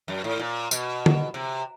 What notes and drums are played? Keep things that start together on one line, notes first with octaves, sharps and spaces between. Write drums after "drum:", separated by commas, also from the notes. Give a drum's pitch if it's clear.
F#2
A2
A#2
B2, drum: tambourine
drum: tom D3
C3